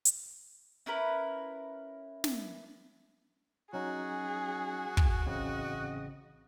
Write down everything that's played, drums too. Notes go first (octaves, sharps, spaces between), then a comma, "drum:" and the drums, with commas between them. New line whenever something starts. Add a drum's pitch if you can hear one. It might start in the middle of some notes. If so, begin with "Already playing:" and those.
drum: hi-hat
C#4 E4 A#4 B4
drum: snare
F#3 C#4 D#4 F#4 G#4
drum: kick
A1 C#3 C4 D#5